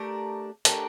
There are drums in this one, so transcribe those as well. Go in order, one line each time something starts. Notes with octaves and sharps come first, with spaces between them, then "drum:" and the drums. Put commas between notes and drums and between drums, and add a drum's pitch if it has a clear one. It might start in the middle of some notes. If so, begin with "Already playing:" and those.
Already playing: A3 D4 G4 A#4
A3 D4 G4 A#4, drum: hi-hat